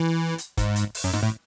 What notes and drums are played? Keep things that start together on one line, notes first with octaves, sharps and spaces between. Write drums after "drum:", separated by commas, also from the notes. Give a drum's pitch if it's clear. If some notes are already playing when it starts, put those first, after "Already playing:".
Already playing: E3
drum: hi-hat
G#2, drum: kick, hi-hat
drum: hi-hat
drum: open hi-hat
F#2
G#2, drum: snare
A2